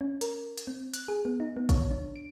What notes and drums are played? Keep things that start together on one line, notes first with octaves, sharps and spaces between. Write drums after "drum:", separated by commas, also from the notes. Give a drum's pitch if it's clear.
C#4
A#4, drum: hi-hat
drum: hi-hat
C4
F#6, drum: hi-hat
G#4
B3
D#4
B3
C#5, drum: kick, hi-hat
D4
D7